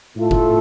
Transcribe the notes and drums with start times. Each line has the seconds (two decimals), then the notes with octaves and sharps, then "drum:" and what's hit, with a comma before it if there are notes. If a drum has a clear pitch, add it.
0.16 A2 A3 F4 A4
0.31 drum: kick F1